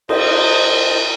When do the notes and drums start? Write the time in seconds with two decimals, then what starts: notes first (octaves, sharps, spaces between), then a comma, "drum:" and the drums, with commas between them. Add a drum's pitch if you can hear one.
0.09 C5 D#5, drum: cymbal